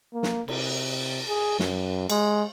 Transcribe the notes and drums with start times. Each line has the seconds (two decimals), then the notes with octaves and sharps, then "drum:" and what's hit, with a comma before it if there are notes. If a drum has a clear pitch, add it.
0.13 A#3
0.23 drum: snare
0.48 C3, drum: cymbal
1.28 G#4
1.59 F#2, drum: snare
2.10 G#3, drum: cymbal